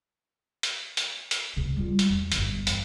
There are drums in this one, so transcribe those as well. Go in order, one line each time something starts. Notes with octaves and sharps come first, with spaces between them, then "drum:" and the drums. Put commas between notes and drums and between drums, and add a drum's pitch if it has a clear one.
drum: hi-hat
drum: hi-hat
drum: hi-hat
D2 C#3
G3 F4
drum: hi-hat
E2
G1 E3, drum: hi-hat
E2, drum: hi-hat